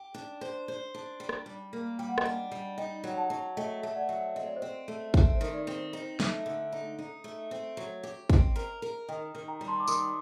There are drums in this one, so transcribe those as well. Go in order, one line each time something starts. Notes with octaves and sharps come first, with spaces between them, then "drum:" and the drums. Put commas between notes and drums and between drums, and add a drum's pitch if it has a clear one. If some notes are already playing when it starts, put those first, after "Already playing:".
Already playing: G4
D4
C5
C5
D4
G3
drum: rim click
G3
A#3
G3 G5
F#5
D#5 G5, drum: rim click
D4
G3
D#4 D#5 G5
F#3
F#5 A5
F#3
A3 D#5 G5
A3
D5 F#5
F#3
C4 D#5
D5
C5 D#5
C4
A3
C4, drum: kick
C5
D#3
D5
C4
C5
D#4 C5
A3, drum: snare
D3
D#4
D#4
A3
C4
F#3
G4
C4 C5 D#5, drum: kick
A#4
A#4
D#3 D#5 G5
D#3
G5 A#5
G3 A#5
A5 C6
D6
D#3 C6 D#6, drum: tambourine